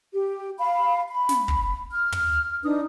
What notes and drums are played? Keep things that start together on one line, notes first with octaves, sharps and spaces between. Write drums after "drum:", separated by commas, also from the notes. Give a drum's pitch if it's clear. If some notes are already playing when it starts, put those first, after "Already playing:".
G4
F5 B5
B5
drum: snare
drum: kick
F6
drum: tom
D4 D#4 B4 D#6